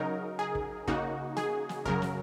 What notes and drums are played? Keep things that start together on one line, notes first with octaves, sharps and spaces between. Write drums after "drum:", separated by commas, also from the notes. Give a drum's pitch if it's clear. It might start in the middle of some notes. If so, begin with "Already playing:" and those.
Already playing: C#3 F#3 D#4 A#4
G#4
drum: kick
C#3 A#3 D#4 F#4, drum: kick
G#4, drum: snare
drum: snare
F#2 C#3 F#3 A#4, drum: kick
drum: snare